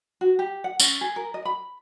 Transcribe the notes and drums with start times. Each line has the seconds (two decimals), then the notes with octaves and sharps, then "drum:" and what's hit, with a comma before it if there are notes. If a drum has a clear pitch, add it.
0.21 F#4
0.39 G4
0.64 F#5
0.80 C#4, drum: tambourine
1.01 G#4
1.16 A#4
1.34 D#5
1.45 B5